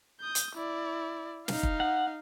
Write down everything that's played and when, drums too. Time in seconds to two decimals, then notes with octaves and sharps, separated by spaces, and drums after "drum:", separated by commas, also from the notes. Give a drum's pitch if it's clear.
0.20 D#6 G6
0.35 drum: hi-hat
0.55 E4 D5
1.48 D#4 F5, drum: snare
1.63 drum: kick
1.80 F#5